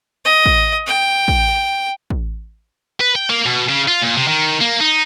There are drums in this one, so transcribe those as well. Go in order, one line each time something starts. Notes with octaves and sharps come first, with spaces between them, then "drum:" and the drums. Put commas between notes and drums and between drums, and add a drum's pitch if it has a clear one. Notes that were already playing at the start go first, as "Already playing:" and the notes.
D#5
drum: kick
G5
drum: kick
drum: kick
B4
G5
A#3
B2
C#3
F4
A#2
C3
D#3
A#3
D#4